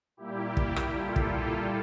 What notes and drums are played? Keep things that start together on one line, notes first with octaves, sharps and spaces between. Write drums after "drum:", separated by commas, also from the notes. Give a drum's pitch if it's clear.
A#2 G3 A#3 E4 G4
drum: kick
drum: rim click
F4 A4
drum: kick